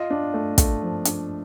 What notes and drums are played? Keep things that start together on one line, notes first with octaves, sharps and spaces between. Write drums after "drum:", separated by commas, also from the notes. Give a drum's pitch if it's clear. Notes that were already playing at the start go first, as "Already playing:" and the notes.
Already playing: F4 D#5
D4
A3
A3, drum: kick, hi-hat
F3
D4, drum: hi-hat